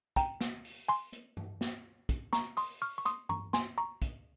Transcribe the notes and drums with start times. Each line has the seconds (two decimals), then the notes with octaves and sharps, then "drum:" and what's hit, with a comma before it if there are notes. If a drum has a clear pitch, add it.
0.16 G5 A#5, drum: kick, hi-hat
0.40 drum: snare
0.65 drum: open hi-hat
0.88 G#5 C6
1.13 drum: hi-hat
1.37 drum: tom G2
1.61 drum: snare
2.09 drum: kick, hi-hat
2.33 A#5 C#6, drum: snare
2.57 C6 D#6, drum: open hi-hat
2.82 C#6 F6
2.98 C#6
3.05 C6 D#6, drum: hi-hat
3.29 A#5 C#6, drum: tom G2
3.53 G#5 C6, drum: snare
3.78 A#5 C#6
4.02 drum: kick, hi-hat